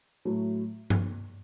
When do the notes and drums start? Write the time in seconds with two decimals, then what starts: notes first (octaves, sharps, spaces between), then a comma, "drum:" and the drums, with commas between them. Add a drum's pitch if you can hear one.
0.25 A2 F#3 A3
0.90 drum: tom G2